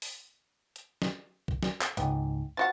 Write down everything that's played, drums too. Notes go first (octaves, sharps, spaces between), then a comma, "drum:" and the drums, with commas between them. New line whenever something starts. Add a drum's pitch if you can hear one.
drum: open hi-hat
drum: hi-hat
drum: snare
drum: kick C2
drum: snare
drum: clap
C#2 G#2 B3 G4, drum: hi-hat
F3 F#4 B4 F#5 A6